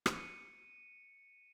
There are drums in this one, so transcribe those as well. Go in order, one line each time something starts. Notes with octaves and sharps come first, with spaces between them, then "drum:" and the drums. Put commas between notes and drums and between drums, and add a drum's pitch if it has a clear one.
drum: rim click
C#7 D#7